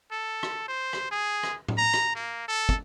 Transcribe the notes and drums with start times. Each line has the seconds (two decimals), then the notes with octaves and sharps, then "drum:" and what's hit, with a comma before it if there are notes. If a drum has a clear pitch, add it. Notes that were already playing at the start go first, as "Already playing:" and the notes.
0.12 A4
0.43 drum: rim click
0.68 C5
0.93 drum: rim click
1.11 G#4
1.43 drum: rim click
1.68 drum: tom A2
1.78 A#5
1.94 drum: rim click
2.16 A#3
2.48 A4
2.69 drum: kick